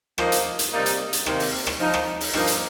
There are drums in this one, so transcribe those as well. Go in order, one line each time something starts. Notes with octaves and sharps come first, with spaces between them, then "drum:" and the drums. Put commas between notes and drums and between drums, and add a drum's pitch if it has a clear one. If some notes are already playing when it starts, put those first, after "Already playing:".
F3 A#3 D#4, drum: rim click
drum: hi-hat
drum: hi-hat
C3 G3 A#3 D#4
drum: hi-hat
drum: hi-hat
C3 D#3 A#3 D#4, drum: rim click
drum: open hi-hat
drum: rim click
F3 D#4
drum: rim click
drum: open hi-hat
G2 F3 A#3 D#4, drum: rim click
drum: hi-hat